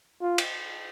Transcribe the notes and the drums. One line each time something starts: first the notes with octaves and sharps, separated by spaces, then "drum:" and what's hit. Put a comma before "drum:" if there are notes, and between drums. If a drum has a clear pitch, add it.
F4
drum: cymbal